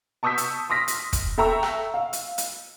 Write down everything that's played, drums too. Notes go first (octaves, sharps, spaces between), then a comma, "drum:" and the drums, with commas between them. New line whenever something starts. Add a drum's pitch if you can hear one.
A5 C#6 D#6 E6 G6 B6
drum: hi-hat
C6 D#6 F6 A#6 B6
drum: hi-hat
drum: kick, hi-hat
A4 E5 G5 A#5 C#6 E6
drum: rim click
F5
drum: hi-hat
drum: hi-hat